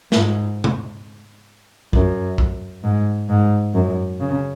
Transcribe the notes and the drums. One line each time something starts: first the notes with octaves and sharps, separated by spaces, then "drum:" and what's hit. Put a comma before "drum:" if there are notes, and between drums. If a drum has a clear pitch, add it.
G#2, drum: snare
drum: tom C3
F#2, drum: kick
drum: kick
G#2
G#2
F#2
C#3